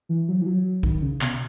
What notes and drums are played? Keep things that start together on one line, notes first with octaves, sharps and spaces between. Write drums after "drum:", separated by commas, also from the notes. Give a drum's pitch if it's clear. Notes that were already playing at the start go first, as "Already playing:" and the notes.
E3
F#3
E3
F#3
D#3, drum: kick
C#3
B2, drum: clap